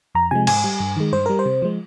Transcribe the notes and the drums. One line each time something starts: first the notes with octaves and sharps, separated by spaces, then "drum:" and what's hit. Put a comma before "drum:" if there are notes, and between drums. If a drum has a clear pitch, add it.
F2 A#5
C3 F3 G#3 G#5
G#2 G#5, drum: cymbal
G3
G2
D#3 G#3
G2 C5
G3 A#4
C5
C3
F3 G#3